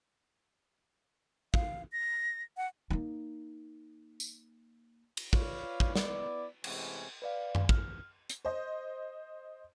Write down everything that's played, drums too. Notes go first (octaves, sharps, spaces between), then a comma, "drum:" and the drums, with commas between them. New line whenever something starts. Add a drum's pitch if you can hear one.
F5, drum: kick
A#6
F#5
A#3 D#4
drum: tambourine
drum: cymbal
F4 B4 C#5 D5 F5, drum: kick
drum: kick
B3 E4 D5, drum: snare
C3 E3 G#3 A3 C#4, drum: cymbal
B4 D5 F5
drum: tom F#2
F6, drum: kick
drum: hi-hat
C5 D#5